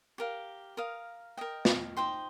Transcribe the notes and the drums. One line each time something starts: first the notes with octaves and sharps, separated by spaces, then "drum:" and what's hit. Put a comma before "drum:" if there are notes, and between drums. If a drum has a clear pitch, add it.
G4 A#4 F5
A#4 F5 D#6
A#4 D#5 G5
drum: snare
D#4 C5 G5 C6